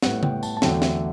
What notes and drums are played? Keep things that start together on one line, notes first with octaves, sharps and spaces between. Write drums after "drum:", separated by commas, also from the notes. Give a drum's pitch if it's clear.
A2 G3 B3 F#5, drum: snare
G5, drum: tom
A5, drum: tambourine
A5
E2 D3 F#3 A3 G5, drum: snare
E5, drum: snare